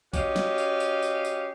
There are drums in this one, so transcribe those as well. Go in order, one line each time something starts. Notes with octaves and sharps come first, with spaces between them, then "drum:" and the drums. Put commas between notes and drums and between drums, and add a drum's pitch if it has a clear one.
C#4 F#4 G4 D#5 F5, drum: kick B1, tambourine
drum: snare
drum: tambourine
drum: tambourine
drum: tambourine
drum: tambourine